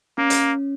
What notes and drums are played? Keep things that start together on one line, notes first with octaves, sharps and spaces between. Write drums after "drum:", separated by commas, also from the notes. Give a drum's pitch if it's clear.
A#3 C#4
drum: hi-hat